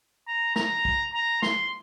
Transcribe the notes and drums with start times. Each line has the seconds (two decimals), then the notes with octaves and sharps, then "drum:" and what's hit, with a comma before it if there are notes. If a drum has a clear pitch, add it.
0.28 A#5
0.56 A#5, drum: snare
0.85 drum: kick A#1
1.14 A#5
1.42 C6, drum: snare